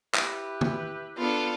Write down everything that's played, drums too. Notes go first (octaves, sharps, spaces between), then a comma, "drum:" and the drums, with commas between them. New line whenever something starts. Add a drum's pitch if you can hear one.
E4 G4 B4, drum: clap
drum: tom
B3 D4 F4 A4